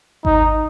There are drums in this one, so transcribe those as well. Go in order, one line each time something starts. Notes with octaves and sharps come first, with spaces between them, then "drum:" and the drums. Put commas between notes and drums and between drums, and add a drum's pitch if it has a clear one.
D#4, drum: kick G#1